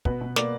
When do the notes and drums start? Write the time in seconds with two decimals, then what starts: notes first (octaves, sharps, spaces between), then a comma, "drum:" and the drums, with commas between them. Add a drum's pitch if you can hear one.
0.05 B2 B4, drum: kick
0.21 B2
0.36 A#3 D5, drum: snare